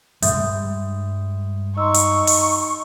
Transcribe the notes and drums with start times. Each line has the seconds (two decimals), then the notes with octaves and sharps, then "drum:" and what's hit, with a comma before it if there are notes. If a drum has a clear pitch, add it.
0.22 G2 G3 G#3 E5 D#6 G6, drum: hi-hat
1.78 D#4 C6 C#6 E6
1.94 drum: hi-hat
2.27 drum: open hi-hat